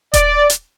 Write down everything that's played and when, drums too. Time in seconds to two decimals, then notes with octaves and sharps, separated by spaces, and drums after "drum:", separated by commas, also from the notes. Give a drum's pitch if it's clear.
0.14 D5, drum: kick D#1, hi-hat
0.50 drum: hi-hat